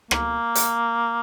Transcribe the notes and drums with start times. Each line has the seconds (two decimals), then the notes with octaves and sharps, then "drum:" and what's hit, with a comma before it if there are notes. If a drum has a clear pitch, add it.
0.11 A#3, drum: rim click
0.55 drum: hi-hat